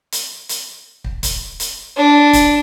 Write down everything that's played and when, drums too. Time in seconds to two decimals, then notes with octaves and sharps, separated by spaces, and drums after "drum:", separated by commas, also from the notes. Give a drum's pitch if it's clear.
0.12 drum: hi-hat
0.49 drum: hi-hat
1.04 drum: kick
1.23 drum: kick, hi-hat
1.60 drum: hi-hat
1.96 D4
2.33 drum: kick, hi-hat